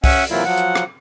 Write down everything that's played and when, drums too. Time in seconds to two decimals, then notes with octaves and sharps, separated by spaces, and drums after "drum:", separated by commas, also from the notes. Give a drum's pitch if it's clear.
0.04 C#4 E5 F#5 G#5, drum: kick C2, open hi-hat
0.30 C3 E3 F#3 A#3 E4 F4
0.45 F3 F#3 F#5
0.58 drum: hi-hat
0.76 drum: rim click